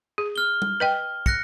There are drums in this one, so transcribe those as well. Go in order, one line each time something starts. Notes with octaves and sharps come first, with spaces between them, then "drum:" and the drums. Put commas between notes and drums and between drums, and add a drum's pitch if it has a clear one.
G#4
F6 G7
drum: tom G3
B4 D#5 G5
F#6 A#6 C#7, drum: kick